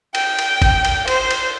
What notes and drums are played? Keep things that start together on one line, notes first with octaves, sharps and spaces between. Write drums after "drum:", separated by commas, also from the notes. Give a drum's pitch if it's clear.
G5, drum: cymbal
drum: cymbal
drum: kick G#1, cymbal
drum: cymbal
C5, drum: cymbal
drum: cymbal